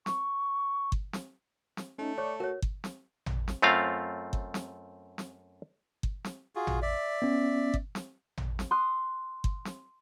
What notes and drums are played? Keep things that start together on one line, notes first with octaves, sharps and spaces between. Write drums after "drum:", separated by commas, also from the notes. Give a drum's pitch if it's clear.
C#6, drum: snare
drum: kick G1
drum: snare
drum: snare
A3 C#4 D#4
C#5 D5 C#6
F#4 A#4 C#5
drum: kick G1
drum: snare
drum: tom
drum: snare
F#2 A3 C4 F4 F5
drum: kick G1
drum: snare
drum: snare
drum: kick G1
drum: snare
F4 F#4 G#4
drum: tom
D5 E5
B3 C#4
drum: kick G1
drum: snare
drum: tom
drum: snare
C6 D#6 F#6
drum: kick G1
drum: snare